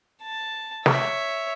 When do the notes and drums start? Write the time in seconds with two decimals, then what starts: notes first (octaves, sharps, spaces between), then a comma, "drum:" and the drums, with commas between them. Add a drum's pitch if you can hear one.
0.22 A5
0.86 C#5 E5, drum: snare